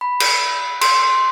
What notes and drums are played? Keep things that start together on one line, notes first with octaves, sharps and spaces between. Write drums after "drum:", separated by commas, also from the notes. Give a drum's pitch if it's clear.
B5
drum: cymbal
C6, drum: cymbal
C6